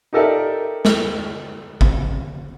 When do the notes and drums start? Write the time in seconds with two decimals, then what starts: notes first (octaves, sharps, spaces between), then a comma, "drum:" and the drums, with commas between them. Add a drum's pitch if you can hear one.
0.13 D#4 G4 A4 A#4 D5 E5
0.85 drum: snare
1.81 drum: kick A1